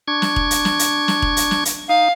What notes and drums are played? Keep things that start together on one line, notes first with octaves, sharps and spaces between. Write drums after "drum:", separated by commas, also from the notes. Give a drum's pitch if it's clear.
D4 C#6 G#6
drum: snare
drum: kick E1
drum: hi-hat
drum: snare
drum: hi-hat
drum: snare
drum: kick E1
drum: hi-hat
drum: snare
drum: hi-hat
D#4 F5